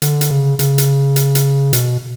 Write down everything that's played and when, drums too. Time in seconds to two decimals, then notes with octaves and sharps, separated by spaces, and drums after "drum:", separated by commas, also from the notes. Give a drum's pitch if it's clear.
0.02 D3, drum: hi-hat
0.21 drum: hi-hat
0.30 C#3
0.59 C#3, drum: hi-hat
0.78 drum: hi-hat
1.16 drum: hi-hat
1.35 drum: hi-hat
1.73 B2, drum: hi-hat